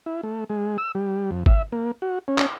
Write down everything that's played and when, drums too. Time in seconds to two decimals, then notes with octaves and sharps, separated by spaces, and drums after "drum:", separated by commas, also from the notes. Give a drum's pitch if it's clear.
0.06 E4
0.23 A3
0.50 G#3
0.78 E6
0.95 G3
1.31 F2
1.46 E5, drum: kick G#1
1.72 A#3
2.02 F#4
2.28 C#4
2.38 drum: clap